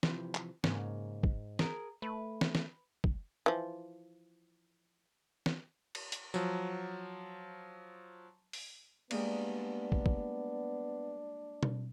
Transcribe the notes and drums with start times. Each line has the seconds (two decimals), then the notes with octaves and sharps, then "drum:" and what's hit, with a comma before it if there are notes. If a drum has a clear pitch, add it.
0.03 C3 E3 F3, drum: snare
0.35 drum: clap
0.64 G#2 C#3 A#3, drum: snare
1.23 drum: kick
1.59 G#4 A#4, drum: snare
2.02 A3 B4
2.41 drum: snare
2.55 drum: snare
3.04 drum: kick
3.46 E3 F3
5.46 drum: snare
5.95 drum: cymbal
6.12 drum: hi-hat
6.34 F3 F#3, drum: tambourine
8.53 drum: open hi-hat
9.11 G3 G#3 A#3 B3 D4, drum: cymbal
9.92 drum: kick
10.06 drum: kick
11.63 drum: tom B2